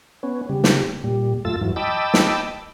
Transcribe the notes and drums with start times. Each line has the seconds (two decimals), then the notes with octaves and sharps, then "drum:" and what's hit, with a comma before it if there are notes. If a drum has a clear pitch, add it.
0.23 B3 C#4
0.49 C#3 G3
0.64 drum: snare
1.04 A#2 G3
1.45 F#2 A3 F4 E6 A6
1.61 G2 E3 F#3
1.76 D#5 G5 A5 B5 D6 E6
2.14 drum: snare